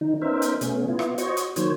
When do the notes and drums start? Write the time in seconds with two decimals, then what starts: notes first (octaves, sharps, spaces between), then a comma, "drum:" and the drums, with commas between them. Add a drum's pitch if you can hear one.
0.01 D#3 D#4
0.22 B3 C#4 D#4 A#4 C5 E5
0.42 drum: hi-hat
0.61 B2 A3 B3 C#4, drum: hi-hat
0.88 B3 E4 F4
0.99 drum: rim click
1.18 F#4 C5 C#5 D#5 C#6, drum: hi-hat
1.37 drum: hi-hat
1.56 D#3 F#3 A#3 C5 C#5, drum: hi-hat